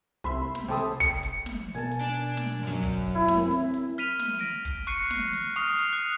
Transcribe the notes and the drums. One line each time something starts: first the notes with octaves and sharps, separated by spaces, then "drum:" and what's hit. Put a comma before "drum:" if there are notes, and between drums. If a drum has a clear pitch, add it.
C2 E5 B5 C6
drum: snare
C3 C4 A4 D#6
drum: hi-hat
C#7, drum: kick, hi-hat
drum: hi-hat
drum: snare
B2 A#4 G#5 A5
drum: hi-hat
D4
drum: hi-hat
drum: snare
F#2 F#3
drum: kick, hi-hat
drum: hi-hat
E4
drum: snare
C4 A#4
drum: hi-hat
drum: hi-hat
F6 B6 D#7 F7, drum: hi-hat
drum: snare
A#6 D7, drum: hi-hat
drum: kick
C#6 F#6 C7 C#7 D#7, drum: hi-hat
drum: snare
drum: hi-hat
C#6 D#6 F6 C7, drum: hi-hat
drum: hi-hat
F#6